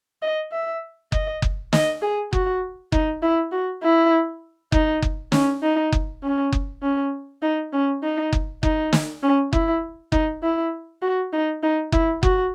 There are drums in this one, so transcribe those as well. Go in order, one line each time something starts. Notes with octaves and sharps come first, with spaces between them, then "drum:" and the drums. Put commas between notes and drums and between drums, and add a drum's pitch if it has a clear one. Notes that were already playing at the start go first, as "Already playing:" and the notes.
D#5
E5
D#5, drum: kick F#1
drum: kick F#1
D#5, drum: snare
G#4
F#4, drum: kick F#1
D#4, drum: kick F#1
E4
F#4
E4
D#4, drum: kick F#1
drum: kick F#1
C#4, drum: snare
D#4
drum: kick F#1
C#4
drum: kick F#1
C#4
D#4
C#4
D#4
drum: kick F#1
D#4, drum: kick F#1
drum: snare
C#4
E4, drum: kick F#1
D#4, drum: kick F#1
E4
F#4
D#4
D#4
E4, drum: kick F#1
F#4, drum: kick F#1